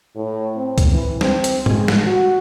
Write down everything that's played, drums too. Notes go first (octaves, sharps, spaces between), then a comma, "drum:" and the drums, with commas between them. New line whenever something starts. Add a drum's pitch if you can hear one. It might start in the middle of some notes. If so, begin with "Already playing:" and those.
A2
C4
drum: kick C#2, hi-hat
E3
C4, drum: snare
drum: hi-hat
G#3, drum: tom
drum: snare
F#4